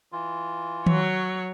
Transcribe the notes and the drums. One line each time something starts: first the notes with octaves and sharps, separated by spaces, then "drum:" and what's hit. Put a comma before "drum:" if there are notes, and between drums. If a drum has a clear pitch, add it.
E3 F4
F#3 C#5, drum: tom D#3